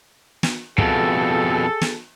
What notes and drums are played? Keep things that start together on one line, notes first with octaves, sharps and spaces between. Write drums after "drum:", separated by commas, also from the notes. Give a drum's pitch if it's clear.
drum: snare
F2 B2 G#4 A4, drum: kick
drum: snare